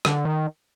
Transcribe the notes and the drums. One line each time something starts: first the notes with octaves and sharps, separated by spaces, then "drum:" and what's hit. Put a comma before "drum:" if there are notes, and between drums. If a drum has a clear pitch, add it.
D3, drum: rim click
D#3